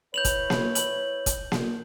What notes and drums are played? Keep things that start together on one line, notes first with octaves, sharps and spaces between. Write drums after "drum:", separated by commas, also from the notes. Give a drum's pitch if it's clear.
E4 B4 C#5 G6 F7 F#7
drum: kick, hi-hat
drum: snare A#3
F#7, drum: hi-hat
drum: kick, hi-hat
drum: snare A#3